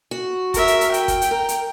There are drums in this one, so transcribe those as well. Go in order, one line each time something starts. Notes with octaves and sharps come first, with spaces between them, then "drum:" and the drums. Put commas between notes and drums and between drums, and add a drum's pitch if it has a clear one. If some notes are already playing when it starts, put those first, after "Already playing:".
F#4
A#4 E5, drum: kick, hi-hat
drum: hi-hat
drum: hi-hat
G5, drum: hi-hat
drum: kick, hi-hat
drum: hi-hat
A#4
drum: hi-hat